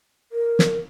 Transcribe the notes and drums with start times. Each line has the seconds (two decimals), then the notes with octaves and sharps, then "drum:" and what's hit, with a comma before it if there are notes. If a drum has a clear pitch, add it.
0.32 A#4
0.59 drum: snare